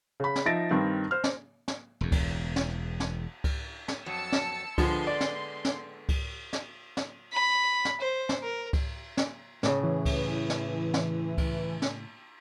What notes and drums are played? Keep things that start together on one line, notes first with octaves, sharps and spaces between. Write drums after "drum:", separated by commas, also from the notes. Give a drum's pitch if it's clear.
C#3 B5
drum: snare
F3 D#4 E5 A6 A#6 D7
G2 D#3 C4
C5 F6
drum: snare
drum: snare
E1 E2
drum: kick C#2, cymbal
drum: snare
drum: snare
drum: kick C#2, cymbal
drum: snare
F2 F#3 A5 E6 C#7
drum: snare
D3 F3 G#3 B3 C6, drum: kick C#2, cymbal
D5
drum: snare
drum: snare
drum: kick C#2, cymbal
drum: snare
drum: snare
B5
drum: snare
C5
drum: snare
A#4
drum: kick C#2, cymbal
drum: snare
A2 C#3, drum: snare
E3
drum: kick C#2, cymbal
drum: snare
drum: snare
drum: kick C#2, cymbal
drum: snare